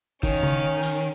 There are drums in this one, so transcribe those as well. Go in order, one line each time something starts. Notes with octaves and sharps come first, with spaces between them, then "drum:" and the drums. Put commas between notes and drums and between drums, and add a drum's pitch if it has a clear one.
D#3 C#4 C#5 F5, drum: kick
drum: tom C#3
drum: tambourine